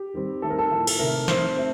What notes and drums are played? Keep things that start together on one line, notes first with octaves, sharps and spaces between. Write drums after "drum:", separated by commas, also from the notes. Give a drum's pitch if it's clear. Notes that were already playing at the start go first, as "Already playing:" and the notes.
Already playing: G4
D#3 G3 C4
D#3 A3 C4 A4
A#4
A4
A2 F3 A#3
A4, drum: cymbal
C3 D#3 A3 A#4
D#3 A3 C4 C5, drum: snare
A3 C4